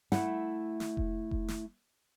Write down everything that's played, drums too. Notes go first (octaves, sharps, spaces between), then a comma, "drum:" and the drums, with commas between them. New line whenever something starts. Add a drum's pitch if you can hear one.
A3 E4 F#5, drum: snare
drum: snare
drum: kick F1
drum: kick F1
drum: snare